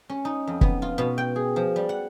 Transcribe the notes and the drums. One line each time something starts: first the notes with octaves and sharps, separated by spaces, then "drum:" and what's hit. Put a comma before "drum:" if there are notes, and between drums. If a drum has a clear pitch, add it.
C#4
D#4
F2
B3, drum: kick
F4
B2
G5
G#4
F3
G3
F#5